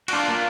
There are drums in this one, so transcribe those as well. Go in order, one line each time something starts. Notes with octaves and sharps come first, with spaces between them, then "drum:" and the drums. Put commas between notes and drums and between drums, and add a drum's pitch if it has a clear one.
F#4, drum: cymbal
D4 F4
A#3